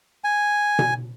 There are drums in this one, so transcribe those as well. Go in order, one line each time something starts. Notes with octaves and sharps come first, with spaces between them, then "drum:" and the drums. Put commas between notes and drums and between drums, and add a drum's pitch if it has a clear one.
G#5
drum: tom B2